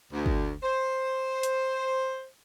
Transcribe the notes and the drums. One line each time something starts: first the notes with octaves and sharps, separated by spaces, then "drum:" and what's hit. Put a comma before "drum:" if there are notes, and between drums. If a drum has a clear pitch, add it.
D2
drum: kick
C5
drum: hi-hat